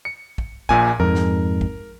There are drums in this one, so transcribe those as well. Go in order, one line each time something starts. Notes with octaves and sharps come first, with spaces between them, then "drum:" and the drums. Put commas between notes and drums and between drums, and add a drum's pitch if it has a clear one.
C#7
drum: kick
A#1 A#2 G#5, drum: kick
F2 G#2 A#4
drum: snare
drum: kick